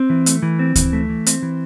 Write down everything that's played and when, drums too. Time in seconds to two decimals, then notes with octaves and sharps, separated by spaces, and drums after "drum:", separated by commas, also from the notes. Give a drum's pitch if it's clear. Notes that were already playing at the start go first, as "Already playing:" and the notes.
Already playing: C4
0.10 E3
0.26 A3, drum: hi-hat
0.42 E3
0.59 C4
0.76 E3, drum: kick D2, hi-hat
0.93 A3
1.09 E3
1.26 C4, drum: hi-hat
1.42 E3